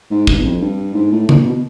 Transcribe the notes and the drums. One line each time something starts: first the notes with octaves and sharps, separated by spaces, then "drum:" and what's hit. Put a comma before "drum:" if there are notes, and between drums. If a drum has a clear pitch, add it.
G#2
G2, drum: kick
E2
F2
G2
G#2
A2
A#2, drum: tom C#3
B2